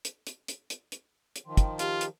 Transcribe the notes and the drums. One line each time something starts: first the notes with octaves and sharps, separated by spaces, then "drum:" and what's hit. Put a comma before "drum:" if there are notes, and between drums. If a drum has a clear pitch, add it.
drum: hi-hat
drum: hi-hat
drum: hi-hat
drum: hi-hat
drum: hi-hat
drum: hi-hat
D#3 F3 G5 C6
drum: kick, hi-hat
F4 G4, drum: hi-hat
drum: hi-hat